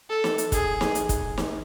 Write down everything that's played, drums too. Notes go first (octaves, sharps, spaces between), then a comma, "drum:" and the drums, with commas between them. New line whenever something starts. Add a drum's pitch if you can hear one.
A4
drum: snare
drum: hi-hat
G#4, drum: kick, hi-hat
drum: snare
drum: hi-hat
drum: kick, hi-hat
drum: snare